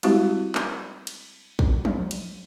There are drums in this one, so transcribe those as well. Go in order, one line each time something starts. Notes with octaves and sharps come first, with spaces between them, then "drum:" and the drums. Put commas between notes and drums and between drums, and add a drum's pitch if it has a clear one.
G3 G#3 C4 E4 F#4 G4, drum: cymbal
drum: clap
drum: cymbal
drum: kick
drum: tom F3
drum: cymbal